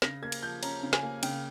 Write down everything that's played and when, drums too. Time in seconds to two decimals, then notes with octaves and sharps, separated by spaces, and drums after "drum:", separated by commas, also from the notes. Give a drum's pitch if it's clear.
0.02 C#3 A#6, drum: snare
0.22 A#3 G#6
0.32 drum: cymbal
0.42 F3 G6
0.63 C#4 A#5, drum: cymbal
0.83 C#3
0.93 G#5, drum: snare
1.03 A#3
1.23 C#3 G5, drum: cymbal